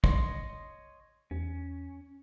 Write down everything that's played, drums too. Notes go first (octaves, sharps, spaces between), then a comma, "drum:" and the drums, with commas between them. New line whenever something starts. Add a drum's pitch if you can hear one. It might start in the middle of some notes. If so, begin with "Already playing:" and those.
C#5 D#5 C6, drum: kick
E2 C#4